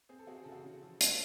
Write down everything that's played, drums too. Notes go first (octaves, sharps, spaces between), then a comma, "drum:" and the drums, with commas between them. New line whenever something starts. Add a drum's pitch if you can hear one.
C4 G#4
A4
C4 F#4 G#4
G#4
C#3 A4
F#4 G#4
C#3
F3
A3, drum: hi-hat